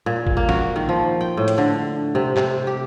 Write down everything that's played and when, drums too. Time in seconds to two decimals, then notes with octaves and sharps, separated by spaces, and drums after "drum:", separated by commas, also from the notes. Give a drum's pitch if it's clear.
0.06 A#2
0.27 drum: kick A1
0.37 A#3
0.49 F#4, drum: snare
0.76 D#3
0.89 F3
1.21 G5
1.37 A2
1.48 drum: hi-hat
1.58 D3
2.15 C3
2.36 C3, drum: clap
2.67 G4